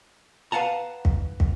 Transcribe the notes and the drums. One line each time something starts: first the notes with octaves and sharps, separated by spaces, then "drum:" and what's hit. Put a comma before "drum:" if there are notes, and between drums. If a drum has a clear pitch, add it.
B4 F5 F#5 A5 A#5
drum: kick
drum: kick